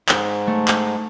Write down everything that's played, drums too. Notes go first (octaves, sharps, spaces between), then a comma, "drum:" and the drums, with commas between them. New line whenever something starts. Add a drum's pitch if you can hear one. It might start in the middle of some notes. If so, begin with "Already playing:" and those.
G#2, drum: clap
A3
drum: clap